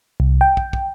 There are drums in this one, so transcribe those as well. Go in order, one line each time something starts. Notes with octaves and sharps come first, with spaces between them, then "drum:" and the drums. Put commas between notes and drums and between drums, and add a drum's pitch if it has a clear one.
C2
G5
drum: kick
drum: kick